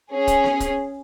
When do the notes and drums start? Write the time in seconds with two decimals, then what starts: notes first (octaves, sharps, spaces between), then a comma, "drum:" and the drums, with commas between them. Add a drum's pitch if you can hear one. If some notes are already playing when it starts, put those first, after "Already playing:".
0.11 C#4 G#4
0.27 drum: kick, hi-hat
0.44 drum: snare B3
0.60 drum: kick, hi-hat